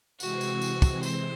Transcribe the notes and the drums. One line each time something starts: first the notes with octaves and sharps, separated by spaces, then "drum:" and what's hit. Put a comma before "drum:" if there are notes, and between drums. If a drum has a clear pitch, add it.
C3 E3 G#3 C4 F#4, drum: tambourine
drum: tambourine
drum: tambourine
drum: kick, tambourine
C5, drum: tambourine